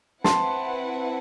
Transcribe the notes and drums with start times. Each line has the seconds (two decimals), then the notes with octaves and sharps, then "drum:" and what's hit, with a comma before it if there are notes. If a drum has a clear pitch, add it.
0.24 C4 E4 B4 F#5 A5 C6, drum: snare